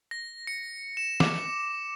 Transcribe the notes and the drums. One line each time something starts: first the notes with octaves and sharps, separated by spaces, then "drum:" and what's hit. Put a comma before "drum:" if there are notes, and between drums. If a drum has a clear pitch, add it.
A#6
C#7
E7
D6, drum: snare